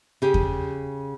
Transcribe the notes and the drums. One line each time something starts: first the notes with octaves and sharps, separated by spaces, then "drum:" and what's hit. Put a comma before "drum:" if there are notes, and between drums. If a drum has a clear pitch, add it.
C#3 G4 G#4
drum: kick E2